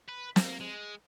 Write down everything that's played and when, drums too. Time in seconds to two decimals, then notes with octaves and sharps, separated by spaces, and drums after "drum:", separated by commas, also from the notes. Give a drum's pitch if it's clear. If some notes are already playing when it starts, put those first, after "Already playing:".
0.08 B4
0.36 A#3, drum: snare
0.60 G#3